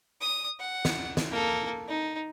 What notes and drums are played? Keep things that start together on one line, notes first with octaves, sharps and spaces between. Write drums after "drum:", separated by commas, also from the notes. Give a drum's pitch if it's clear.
D#6
F#5
drum: snare
drum: snare
A#3 A4
D#4